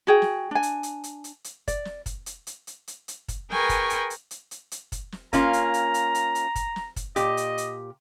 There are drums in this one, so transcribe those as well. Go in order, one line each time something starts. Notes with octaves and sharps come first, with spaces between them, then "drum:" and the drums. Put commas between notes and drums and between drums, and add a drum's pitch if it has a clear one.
F#4 G#4 G5
drum: snare
D4 G#5
drum: hi-hat
drum: hi-hat
drum: hi-hat
drum: hi-hat
drum: hi-hat
D5, drum: kick, hi-hat
drum: snare
drum: kick, hi-hat
drum: hi-hat
drum: hi-hat
drum: hi-hat
drum: hi-hat
drum: hi-hat
drum: kick, hi-hat
G#4 A#4 B4 G5 G#5 C#6, drum: snare
drum: kick, hi-hat
drum: hi-hat
drum: hi-hat
drum: hi-hat
drum: hi-hat
drum: hi-hat
drum: kick, hi-hat
drum: snare
A#3 C#4 F4 A#5, drum: kick, hi-hat
drum: hi-hat
drum: hi-hat
drum: hi-hat
drum: hi-hat
drum: hi-hat
drum: kick, hi-hat
drum: snare
drum: kick, hi-hat
A#2 G4 D#5, drum: hi-hat
drum: hi-hat
drum: hi-hat